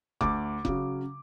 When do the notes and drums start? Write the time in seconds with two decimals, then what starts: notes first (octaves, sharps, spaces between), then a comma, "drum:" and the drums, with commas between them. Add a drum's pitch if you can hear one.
0.21 D2 D6, drum: kick F1
0.65 C#3 F#3, drum: kick F1